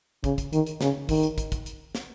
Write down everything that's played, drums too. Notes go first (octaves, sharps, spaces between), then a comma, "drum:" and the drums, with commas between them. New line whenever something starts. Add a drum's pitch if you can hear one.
C#3, drum: kick, hi-hat
drum: kick, hi-hat
D#3, drum: hi-hat
drum: hi-hat
C#3, drum: snare
D#3, drum: kick, open hi-hat
drum: hi-hat
drum: kick, hi-hat
drum: kick, hi-hat
drum: hi-hat
drum: snare